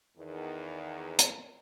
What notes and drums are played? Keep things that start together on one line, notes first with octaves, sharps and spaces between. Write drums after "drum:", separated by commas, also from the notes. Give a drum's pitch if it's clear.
E2 D#3
drum: hi-hat